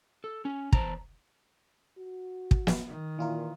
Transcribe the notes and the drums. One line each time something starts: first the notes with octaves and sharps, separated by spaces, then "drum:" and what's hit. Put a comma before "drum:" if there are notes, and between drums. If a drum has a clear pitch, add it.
A4
C#4
E2 C5 A5 A#5, drum: kick
F#4
drum: kick
drum: snare
D#3
A#2 E3 F4 A#4